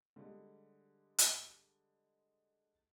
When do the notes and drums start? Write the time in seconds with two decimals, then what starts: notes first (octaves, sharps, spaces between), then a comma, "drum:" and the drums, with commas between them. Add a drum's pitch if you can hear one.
0.16 D3 G3 G#3
1.18 drum: hi-hat